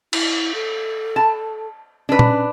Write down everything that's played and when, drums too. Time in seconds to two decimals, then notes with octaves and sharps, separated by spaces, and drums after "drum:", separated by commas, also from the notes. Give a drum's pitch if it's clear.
0.13 E4, drum: cymbal
0.55 A4
1.16 A5
2.09 C#4 D4 B4
2.19 drum: tom